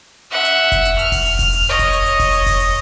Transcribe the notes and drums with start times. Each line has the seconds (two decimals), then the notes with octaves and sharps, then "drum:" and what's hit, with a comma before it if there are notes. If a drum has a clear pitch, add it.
0.31 E5 F#5
0.45 drum: hi-hat
0.72 drum: kick F1, hi-hat
0.85 drum: hi-hat
0.99 F6, drum: hi-hat
1.12 drum: kick F1, open hi-hat
1.26 drum: hi-hat
1.39 drum: kick F1, open hi-hat
1.52 drum: hi-hat
1.69 C#5 D#5
1.79 drum: kick F1, hi-hat
1.93 drum: hi-hat
2.06 drum: hi-hat
2.20 drum: kick F1, open hi-hat
2.33 drum: hi-hat
2.47 drum: kick F1, open hi-hat
2.60 drum: hi-hat